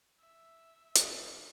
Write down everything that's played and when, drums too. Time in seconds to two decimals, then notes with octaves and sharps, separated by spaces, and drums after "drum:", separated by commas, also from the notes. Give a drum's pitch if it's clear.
0.21 E5
0.95 drum: hi-hat